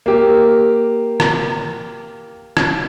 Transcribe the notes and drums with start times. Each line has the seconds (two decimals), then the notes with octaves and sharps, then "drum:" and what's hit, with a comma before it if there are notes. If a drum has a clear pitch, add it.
0.06 A#3 G4
1.20 drum: rim click
2.57 drum: rim click